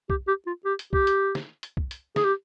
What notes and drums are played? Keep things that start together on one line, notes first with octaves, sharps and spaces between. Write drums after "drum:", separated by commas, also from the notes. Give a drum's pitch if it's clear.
G4, drum: kick B1
G4
F4
G4
drum: hi-hat
G4, drum: kick B1
drum: hi-hat
drum: snare
drum: hi-hat
drum: kick B1
drum: hi-hat
G#4, drum: snare
G4